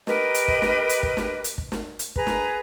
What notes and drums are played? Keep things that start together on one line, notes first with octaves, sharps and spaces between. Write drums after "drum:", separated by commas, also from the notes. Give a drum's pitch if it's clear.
G4 A#4 B4 D#5, drum: snare
drum: hi-hat
drum: kick
drum: snare
drum: hi-hat
drum: kick
drum: snare
drum: hi-hat
drum: kick
drum: snare
drum: hi-hat
G#4 B4 A#5, drum: kick
drum: snare